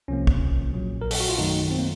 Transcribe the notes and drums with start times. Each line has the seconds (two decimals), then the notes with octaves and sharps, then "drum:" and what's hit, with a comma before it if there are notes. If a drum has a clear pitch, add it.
0.08 C2 C3 F3 A#3 C#4
0.27 drum: kick
0.73 A#1 A#2 F#3
1.01 A#4
1.11 A4, drum: open hi-hat
1.20 F#4
1.29 F4
1.38 F#2 D#3 F#3 A3 D#4
1.71 C4
1.78 A#3